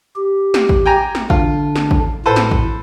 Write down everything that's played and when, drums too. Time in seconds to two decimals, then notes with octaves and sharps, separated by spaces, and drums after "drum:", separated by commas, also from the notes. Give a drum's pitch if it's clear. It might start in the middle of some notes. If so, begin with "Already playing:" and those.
0.16 G4
0.54 drum: snare
0.69 drum: kick A1
0.86 G5 G#5 A#5
1.15 drum: snare
1.30 D3 D4 F4, drum: kick A1
1.76 drum: snare
1.91 drum: kick A1
2.26 A2 A4 B4 C5
2.36 drum: snare
2.51 drum: kick A1